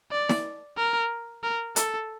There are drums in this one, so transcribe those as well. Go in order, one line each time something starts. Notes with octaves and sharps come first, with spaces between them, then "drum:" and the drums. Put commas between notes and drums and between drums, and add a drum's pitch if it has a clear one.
D5
drum: snare
A#4
A#4
A4, drum: hi-hat